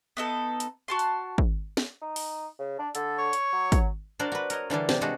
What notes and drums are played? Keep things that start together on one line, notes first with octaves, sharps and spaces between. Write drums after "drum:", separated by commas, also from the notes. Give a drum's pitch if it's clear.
B3 D#4 A4
drum: hi-hat
F#4 A5 C6
drum: hi-hat
drum: kick
drum: snare
D#4
drum: open hi-hat
C#3
D4
D3 A4, drum: hi-hat
C#5 C#6
drum: hi-hat
F#3
drum: kick, hi-hat
D4 F#4 A#4 C5 D5
F#4 B4
A#4 C#5 D#5, drum: hi-hat
D3 E3 G3 D4
C3 G4 A5, drum: snare
G#3 F#4 G4 A4